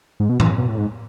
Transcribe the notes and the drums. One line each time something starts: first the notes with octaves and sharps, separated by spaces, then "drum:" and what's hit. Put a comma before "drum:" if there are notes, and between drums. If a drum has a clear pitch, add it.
G#2
B2
E3, drum: tom A2
B2
A2
G#2